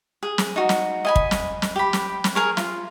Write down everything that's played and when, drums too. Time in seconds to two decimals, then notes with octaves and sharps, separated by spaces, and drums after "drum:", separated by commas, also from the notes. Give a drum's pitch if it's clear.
0.23 G#4
0.38 drum: snare
0.56 D#4 F#4
0.69 drum: snare
1.05 D#5 G#5 B5
1.16 drum: kick
1.31 drum: snare
1.62 drum: snare
1.76 G4 B5
1.93 drum: snare
2.24 drum: snare
2.35 G#4 A#4 C#5
2.57 F4, drum: snare